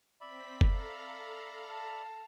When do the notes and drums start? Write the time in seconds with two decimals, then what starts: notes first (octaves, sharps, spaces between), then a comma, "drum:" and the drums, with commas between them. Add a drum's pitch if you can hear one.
0.21 C4 D5 E5 B5 B6
0.61 A4 F5 A#5, drum: kick F#1
1.68 A5